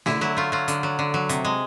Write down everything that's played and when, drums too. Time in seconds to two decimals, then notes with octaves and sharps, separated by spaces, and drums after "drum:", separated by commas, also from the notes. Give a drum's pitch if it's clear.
0.06 D3 E4, drum: snare
0.21 F#3 E4
0.37 A3 F4
0.52 F#3 F4
0.68 D3, drum: hi-hat
0.83 F#3
0.99 D3
1.14 F#3
1.29 C3, drum: hi-hat
1.45 G#3